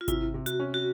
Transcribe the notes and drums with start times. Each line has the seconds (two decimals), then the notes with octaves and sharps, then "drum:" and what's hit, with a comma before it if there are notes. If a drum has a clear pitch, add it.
0.01 F4
0.08 C3 E4, drum: kick G#1, hi-hat
0.34 C3
0.46 F#4, drum: hi-hat
0.60 C#4
0.74 F#4